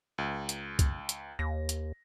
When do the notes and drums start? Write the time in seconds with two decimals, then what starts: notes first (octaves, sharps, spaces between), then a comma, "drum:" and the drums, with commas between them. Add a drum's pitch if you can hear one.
0.18 C#2
0.49 drum: hi-hat
0.79 drum: kick, hi-hat
1.09 drum: hi-hat
1.39 D#2 A#6
1.69 drum: hi-hat